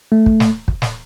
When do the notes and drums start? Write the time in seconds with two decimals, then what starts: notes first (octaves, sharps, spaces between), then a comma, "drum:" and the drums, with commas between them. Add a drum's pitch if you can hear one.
0.12 A3
0.26 drum: kick
0.40 drum: snare
0.68 drum: kick
0.82 drum: snare